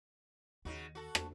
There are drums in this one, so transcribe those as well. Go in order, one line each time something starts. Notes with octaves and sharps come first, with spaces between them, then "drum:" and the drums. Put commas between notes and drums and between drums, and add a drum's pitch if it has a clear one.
D#2 C#3 D#4 F#4
F#4 A4
drum: rim click